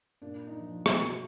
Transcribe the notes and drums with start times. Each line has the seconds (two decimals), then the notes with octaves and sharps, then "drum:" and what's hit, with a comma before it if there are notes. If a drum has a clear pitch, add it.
0.22 A#2 D4
0.47 D#4
0.59 F3
0.86 drum: rim click
0.97 B2 F#4